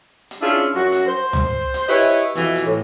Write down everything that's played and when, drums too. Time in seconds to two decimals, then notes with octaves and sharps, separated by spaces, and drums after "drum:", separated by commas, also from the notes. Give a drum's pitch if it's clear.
0.31 drum: hi-hat
0.41 C#4 D4 E4 F4 G#4
0.75 F#2 F#4
0.92 drum: hi-hat
1.07 C5
1.33 drum: tom C#2
1.74 drum: hi-hat
1.88 E4 G4 B4 C#5 D#5
2.35 F2 B2 E3, drum: hi-hat
2.56 drum: hi-hat
2.66 A2